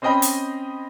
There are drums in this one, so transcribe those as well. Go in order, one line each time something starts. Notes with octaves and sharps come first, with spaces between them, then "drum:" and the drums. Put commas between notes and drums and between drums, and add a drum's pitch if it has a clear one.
C4 C#4 C5 D#5 G5 B5
drum: hi-hat